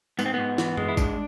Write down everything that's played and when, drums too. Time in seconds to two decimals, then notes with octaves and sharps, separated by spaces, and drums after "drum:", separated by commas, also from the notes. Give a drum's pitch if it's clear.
0.19 G#2 B3, drum: tambourine
0.26 C4
0.34 G#2 B3
0.58 E3, drum: snare
0.78 G#3, drum: tom F#2
0.88 E4
0.97 G#2 D4, drum: kick G#1, tambourine